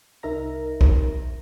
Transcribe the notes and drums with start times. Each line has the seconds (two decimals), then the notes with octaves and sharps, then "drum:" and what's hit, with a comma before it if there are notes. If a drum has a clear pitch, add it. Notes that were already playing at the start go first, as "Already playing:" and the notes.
0.23 C2 D#4 A#4 E5 A#5 A#6
0.81 drum: kick